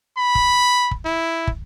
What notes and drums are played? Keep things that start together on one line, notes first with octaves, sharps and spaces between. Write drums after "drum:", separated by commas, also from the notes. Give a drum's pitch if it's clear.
B5
drum: kick
drum: kick
E4
drum: kick